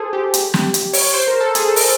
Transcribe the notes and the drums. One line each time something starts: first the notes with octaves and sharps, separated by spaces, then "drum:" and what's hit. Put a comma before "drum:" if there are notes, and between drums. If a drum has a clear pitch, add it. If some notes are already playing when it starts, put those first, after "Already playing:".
Already playing: G#4 A4 C5
G4
drum: hi-hat
drum: snare
drum: hi-hat
C#5, drum: open hi-hat
C#5
C5
A#4
A4
G#4, drum: hi-hat
A4
A#4, drum: open hi-hat
A4